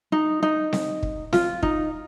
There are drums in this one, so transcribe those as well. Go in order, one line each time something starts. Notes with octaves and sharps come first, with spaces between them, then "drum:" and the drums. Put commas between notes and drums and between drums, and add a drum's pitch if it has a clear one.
D#4
D#4
drum: snare C4
drum: kick
F4, drum: snare C4
D#4, drum: kick